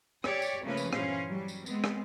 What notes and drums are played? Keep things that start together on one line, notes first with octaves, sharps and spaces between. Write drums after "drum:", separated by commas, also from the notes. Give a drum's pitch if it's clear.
G4 C#5 D5, drum: rim click
drum: tambourine
C#3 F3 A3 A#3 C#4 B4
drum: tambourine
G2 A#2 E3 C#4 C5 F5, drum: rim click
F#3 G3
drum: tambourine
G#3 B3 C4, drum: tambourine
drum: rim click